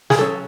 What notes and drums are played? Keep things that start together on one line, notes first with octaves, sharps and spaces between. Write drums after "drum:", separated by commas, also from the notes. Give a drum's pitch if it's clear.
G#4, drum: snare
F#3 C#4 A4